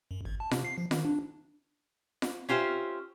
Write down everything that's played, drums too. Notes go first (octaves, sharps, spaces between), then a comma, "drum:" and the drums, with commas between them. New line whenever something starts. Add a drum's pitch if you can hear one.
F#2
G#1
A5
C3, drum: snare F4
C7
F3
D#3, drum: snare F4
D4
drum: snare F4
C#4 F4 G4 C5 E5